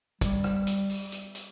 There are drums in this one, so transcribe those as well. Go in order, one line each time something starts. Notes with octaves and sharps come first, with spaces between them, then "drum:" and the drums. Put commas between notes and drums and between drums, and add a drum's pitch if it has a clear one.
G3, drum: kick, hi-hat
drum: rim click
drum: hi-hat
drum: open hi-hat
drum: hi-hat
drum: hi-hat